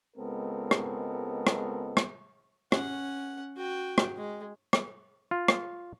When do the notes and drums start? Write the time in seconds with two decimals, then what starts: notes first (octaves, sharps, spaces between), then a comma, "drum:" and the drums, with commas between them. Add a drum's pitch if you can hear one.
0.17 C#2 G#3 B3 C4 A4 A#4
0.71 drum: rim click
1.47 drum: rim click
1.97 drum: rim click
2.72 C#4 F#5, drum: rim click
3.56 F#4 G5
3.98 drum: rim click
4.17 G#3
4.73 drum: rim click
5.31 F4
5.48 drum: rim click